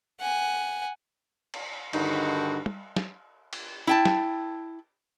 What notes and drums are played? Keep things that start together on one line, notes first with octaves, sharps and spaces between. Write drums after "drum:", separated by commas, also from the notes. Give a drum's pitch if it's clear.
F#5 G#5
drum: cymbal
G2 D3 D#3 D#4 F#4, drum: cymbal
drum: tom
drum: snare
drum: cymbal
E4 G5 A5
drum: snare